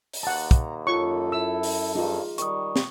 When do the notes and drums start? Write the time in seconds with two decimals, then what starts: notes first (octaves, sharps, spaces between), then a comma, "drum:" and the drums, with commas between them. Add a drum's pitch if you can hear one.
0.13 drum: open hi-hat
0.23 D#2 F#5 A5 A#5
0.51 drum: kick, hi-hat
0.87 F#2 F4 A4 C#5 C#6
1.32 E4 E6
1.63 drum: open hi-hat
1.95 G2 D#4 F4 G#4
2.38 D#3 G3 C#6 D#6, drum: hi-hat
2.76 drum: snare